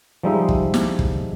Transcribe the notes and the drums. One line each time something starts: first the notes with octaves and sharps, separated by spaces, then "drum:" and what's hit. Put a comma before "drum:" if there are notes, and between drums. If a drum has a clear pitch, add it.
F3 G3 G#3 D#4 E5
drum: kick
drum: snare
drum: kick